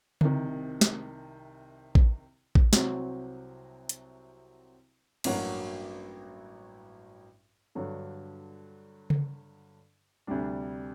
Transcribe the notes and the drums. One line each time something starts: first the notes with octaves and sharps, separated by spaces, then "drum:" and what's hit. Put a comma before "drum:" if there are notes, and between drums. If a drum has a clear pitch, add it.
C2 C3 D#3, drum: tom C#3
drum: snare
drum: kick A1
drum: kick A1
C2 C3 F#3 C4 F#4, drum: snare
drum: hi-hat
A1 G2 F#3 A#3 F#4, drum: cymbal
G2 D3 F#3
drum: tom C#3
D2 C3 G3 D4